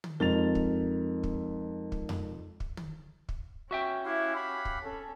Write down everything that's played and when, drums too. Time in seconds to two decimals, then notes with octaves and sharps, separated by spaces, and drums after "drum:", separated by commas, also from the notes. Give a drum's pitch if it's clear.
0.04 drum: tom
0.20 F2 G#3 D#4 A#4 A6 F7
0.55 drum: kick
1.23 drum: kick
1.92 drum: kick
2.09 drum: tom F2
2.60 drum: kick
2.77 drum: tom
3.29 drum: kick
3.71 C#4 F#4 E5 G5
4.05 E4 G4 F5 F#5
4.35 B5
4.65 drum: kick
4.82 C#4 A4